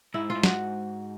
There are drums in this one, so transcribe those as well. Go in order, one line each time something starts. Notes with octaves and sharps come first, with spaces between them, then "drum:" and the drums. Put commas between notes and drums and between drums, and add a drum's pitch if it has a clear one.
G#2 E4
F4
G#2
F#4, drum: snare